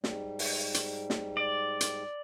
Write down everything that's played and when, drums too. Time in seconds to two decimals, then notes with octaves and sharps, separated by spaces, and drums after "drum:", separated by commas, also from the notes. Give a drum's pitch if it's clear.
0.04 G#2 G3, drum: snare
0.39 drum: open hi-hat
0.74 drum: hi-hat
1.10 drum: snare
1.37 D5
1.81 drum: hi-hat